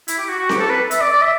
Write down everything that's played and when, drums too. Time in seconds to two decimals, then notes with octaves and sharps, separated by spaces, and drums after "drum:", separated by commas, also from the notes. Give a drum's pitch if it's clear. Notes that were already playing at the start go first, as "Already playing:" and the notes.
0.08 E4, drum: hi-hat
0.18 G4
0.28 F#4
0.39 F#4
0.49 G4, drum: snare C4
0.59 A4
0.70 B4
0.91 E5, drum: hi-hat
1.01 D5
1.12 D5
1.22 E5